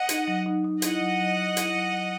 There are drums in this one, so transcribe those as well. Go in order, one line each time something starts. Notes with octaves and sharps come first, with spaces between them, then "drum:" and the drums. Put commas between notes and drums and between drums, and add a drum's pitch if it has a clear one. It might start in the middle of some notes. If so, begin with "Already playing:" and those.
Already playing: D#5 F#5
D#4, drum: hi-hat
F#3
D#4
D#4
E4 D#5 F#5, drum: hi-hat
F#3
F#3
F#3
E4, drum: hi-hat
F#3
F#3